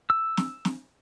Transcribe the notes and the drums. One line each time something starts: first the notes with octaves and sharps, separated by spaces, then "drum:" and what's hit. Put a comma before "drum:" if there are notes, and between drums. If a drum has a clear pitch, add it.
E6
drum: snare
drum: snare